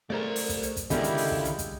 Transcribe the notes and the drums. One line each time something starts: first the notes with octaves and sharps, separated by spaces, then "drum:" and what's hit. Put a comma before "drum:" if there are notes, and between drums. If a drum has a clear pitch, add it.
A3 G#4 A#4 C5 D5
drum: open hi-hat
drum: kick, hi-hat
drum: hi-hat
drum: kick, hi-hat
C#2 D3 D#3 G#3 E4 G4 A4 A#4, drum: hi-hat
drum: hi-hat
drum: open hi-hat
drum: kick
drum: hi-hat
drum: kick, hi-hat